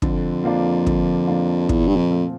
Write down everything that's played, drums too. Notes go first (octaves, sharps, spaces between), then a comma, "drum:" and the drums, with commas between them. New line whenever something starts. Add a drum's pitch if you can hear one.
F2 D3, drum: kick
F3 A#3 D4 F4
D3, drum: kick
F3 A#3 D4 F4
E2 A#2, drum: kick
G2
F2
F3 A3 C4